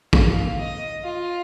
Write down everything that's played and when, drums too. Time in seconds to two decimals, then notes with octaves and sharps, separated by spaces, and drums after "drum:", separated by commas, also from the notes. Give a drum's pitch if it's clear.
0.13 F5, drum: kick
0.59 D#5
1.03 F4